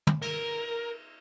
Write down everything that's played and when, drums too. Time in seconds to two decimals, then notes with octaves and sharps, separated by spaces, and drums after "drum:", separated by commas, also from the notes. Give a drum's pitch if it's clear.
0.07 drum: tom
0.22 A#4, drum: cymbal